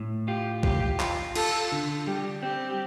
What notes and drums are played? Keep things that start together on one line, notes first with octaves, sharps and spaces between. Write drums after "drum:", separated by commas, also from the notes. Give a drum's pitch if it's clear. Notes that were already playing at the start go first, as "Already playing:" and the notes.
Already playing: A2
F4 G4
F4 G4, drum: kick B1
F4, drum: clap
F4 A4, drum: cymbal
D3
G3 G4
C4 G4